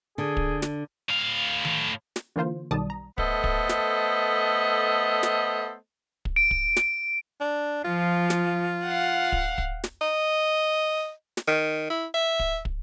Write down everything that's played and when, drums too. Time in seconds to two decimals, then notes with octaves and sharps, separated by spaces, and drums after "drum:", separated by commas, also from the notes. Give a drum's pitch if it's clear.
0.18 D3 G#4
0.37 drum: kick
0.62 drum: snare
1.09 A2 F5
1.65 drum: tom D#3
2.16 drum: snare
2.36 D3 E3 A#3 F4 C5
2.71 B1 D#3 G3 D5 A5 D#6
2.90 A#5
3.18 A3 B3 A4 C5 D#5, drum: kick
3.44 drum: kick
3.69 drum: snare
5.23 drum: snare
6.25 drum: kick
6.36 D7
6.51 drum: kick
6.76 drum: snare
7.41 D4
7.84 F3 F4
8.30 drum: snare
8.85 F5 F#5
9.32 drum: kick
9.58 drum: kick
9.84 drum: snare
10.01 D#5
11.37 drum: snare
11.48 D#3
11.90 E4
12.14 E5
12.40 drum: kick
12.65 drum: kick